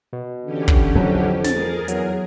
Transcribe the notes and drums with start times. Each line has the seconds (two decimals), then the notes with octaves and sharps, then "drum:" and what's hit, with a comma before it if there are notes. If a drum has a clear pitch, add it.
0.13 B2
0.45 D3 E3 C#4 G4
0.68 drum: kick
0.95 F2 F#3
1.44 G#4 A#4 A6, drum: snare
1.88 E2 F#3, drum: hi-hat